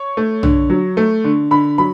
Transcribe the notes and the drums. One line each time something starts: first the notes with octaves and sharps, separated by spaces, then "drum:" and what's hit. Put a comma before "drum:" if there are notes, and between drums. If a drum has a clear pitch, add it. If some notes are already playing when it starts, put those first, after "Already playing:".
Already playing: C#5
A3
D3, drum: tom
F#3
A3
D3
D3 B5
F#3 B5